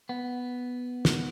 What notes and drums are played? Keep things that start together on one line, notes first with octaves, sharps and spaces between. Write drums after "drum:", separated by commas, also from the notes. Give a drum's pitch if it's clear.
B3
drum: snare